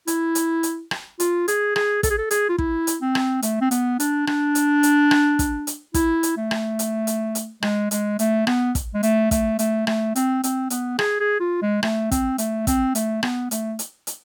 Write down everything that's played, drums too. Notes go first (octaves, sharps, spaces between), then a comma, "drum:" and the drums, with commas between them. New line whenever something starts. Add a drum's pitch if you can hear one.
E4, drum: hi-hat
drum: hi-hat
drum: hi-hat
drum: rim click
F4, drum: hi-hat
G#4, drum: hi-hat
G#4, drum: rim click
A4, drum: kick, hi-hat
G#4
A4
G#4, drum: hi-hat
F4
E4, drum: kick
drum: hi-hat
C4
drum: rim click
A3, drum: hi-hat
C4
B3, drum: hi-hat
D4, drum: hi-hat
D4, drum: rim click
drum: hi-hat
drum: hi-hat
drum: rim click
drum: kick, hi-hat
drum: hi-hat
E4, drum: kick, hi-hat
drum: hi-hat
A3
drum: rim click
drum: hi-hat
drum: hi-hat
drum: hi-hat
G#3, drum: rim click
G#3, drum: hi-hat
A3, drum: hi-hat
B3, drum: rim click
drum: kick, hi-hat
G#3
A3, drum: hi-hat
A3, drum: kick, hi-hat
A3, drum: hi-hat
A3, drum: rim click
C4, drum: hi-hat
C4, drum: hi-hat
B3, drum: hi-hat
G#4, drum: rim click
G#4
F4
G#3
A3, drum: rim click
C4, drum: kick, hi-hat
A3, drum: hi-hat
C4, drum: kick, hi-hat
A3, drum: hi-hat
B3, drum: rim click
A3, drum: hi-hat
drum: hi-hat
drum: hi-hat